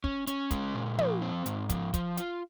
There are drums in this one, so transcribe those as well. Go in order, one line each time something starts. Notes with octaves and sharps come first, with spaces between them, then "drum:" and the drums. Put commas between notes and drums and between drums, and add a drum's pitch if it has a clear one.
C#4, drum: kick
C#4, drum: hi-hat
G#3, drum: kick, hi-hat
A#2
F3, drum: tom
C4
G#2, drum: hi-hat
F3, drum: kick, hi-hat
F3, drum: kick, hi-hat
F4, drum: hi-hat